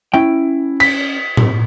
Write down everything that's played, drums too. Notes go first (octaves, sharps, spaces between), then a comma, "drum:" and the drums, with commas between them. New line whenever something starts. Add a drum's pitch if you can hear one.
C#4 E4 G5
B6, drum: cymbal
drum: tom A2